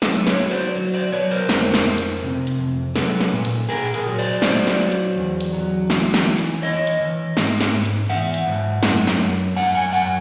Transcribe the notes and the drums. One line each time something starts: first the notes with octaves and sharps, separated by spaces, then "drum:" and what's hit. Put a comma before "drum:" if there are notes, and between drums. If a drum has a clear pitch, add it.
F#3 A4 B4, drum: snare
B4 C#5, drum: snare
F#3
C5 D5, drum: hi-hat
F#3
C5 D5
F#3 B4 C#5
A#4 C5
F2, drum: snare
drum: snare
F2
drum: hi-hat
C3
drum: hi-hat
F2
F#3 A4 B4, drum: snare
drum: snare
A#2
drum: hi-hat
A#2 G#4 A#4
G#4 A#4, drum: hi-hat
F#3
C5 D5
F#3 C5 D5, drum: snare
drum: snare
F#3
drum: hi-hat
E2
drum: hi-hat
F#3
E3, drum: snare
drum: snare
E3
drum: hi-hat
E3 C#5 D#5
drum: hi-hat
E3
G#2, drum: snare
drum: snare
G#2
drum: hi-hat
E3 E5 F#5
drum: hi-hat
G#2
F#2, drum: snare
drum: snare
F#2
F#2 F#5 G#5
F#5 G#5
F#2 F#5 G#5